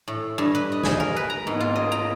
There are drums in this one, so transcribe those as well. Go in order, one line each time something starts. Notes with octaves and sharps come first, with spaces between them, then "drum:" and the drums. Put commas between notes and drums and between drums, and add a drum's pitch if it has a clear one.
A2
G2
B4
D#5
G#5, drum: snare
A#4
B4
A#5
G#2, drum: cymbal
F4
D#5
A#5